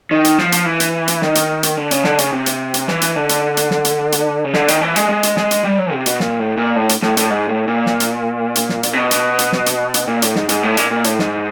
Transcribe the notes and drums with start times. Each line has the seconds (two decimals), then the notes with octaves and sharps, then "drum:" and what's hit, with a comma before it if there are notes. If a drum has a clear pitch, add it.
0.11 D#3
0.25 drum: hi-hat
0.39 F3, drum: snare
0.52 drum: hi-hat
0.65 E3
0.80 drum: hi-hat
1.08 drum: hi-hat
1.22 D#3, drum: snare
1.35 drum: hi-hat
1.63 drum: hi-hat
1.77 D3
1.91 C#3, drum: hi-hat
2.04 D3, drum: snare
2.18 C#3, drum: hi-hat
2.33 C3
2.46 drum: hi-hat
2.74 drum: hi-hat
2.88 E3, drum: snare
3.01 drum: hi-hat
3.16 D3
3.29 drum: hi-hat
3.57 drum: hi-hat
3.71 drum: snare
3.85 drum: hi-hat
4.12 drum: hi-hat
4.44 C#3
4.54 D3, drum: snare
4.68 D#3, drum: hi-hat
4.81 E3
4.96 G#3, drum: hi-hat
5.09 G#3
5.23 drum: hi-hat
5.37 G#3, drum: snare
5.51 drum: hi-hat
5.64 G3
5.78 F#3
5.93 C3
6.06 B2, drum: hi-hat
6.20 A#2, drum: snare
6.39 A2
6.57 A#2
6.76 A2
6.89 drum: hi-hat
7.03 A2, drum: snare
7.17 A2, drum: hi-hat
7.30 G#2
7.49 A2
7.68 A#2
7.86 drum: snare
8.00 drum: hi-hat
8.55 drum: hi-hat
8.69 drum: snare
8.83 drum: hi-hat
8.93 C3
8.97 B2
9.11 drum: hi-hat
9.39 drum: hi-hat
9.52 drum: snare
9.66 drum: hi-hat
9.94 drum: hi-hat
10.07 A#2
10.22 A2, drum: hi-hat
10.36 G#2, drum: snare
10.49 G#2, drum: hi-hat
10.63 A2
10.77 A#2, drum: hi-hat
10.91 A#2
11.04 A2, drum: hi-hat
11.19 G#2, drum: snare